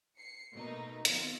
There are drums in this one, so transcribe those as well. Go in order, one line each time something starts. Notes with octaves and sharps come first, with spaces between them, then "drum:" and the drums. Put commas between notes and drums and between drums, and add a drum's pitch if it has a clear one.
C7 C#7
B2 A3 A#3 D#4 A#5
D#3 F3 B3 C4 F4 C5, drum: hi-hat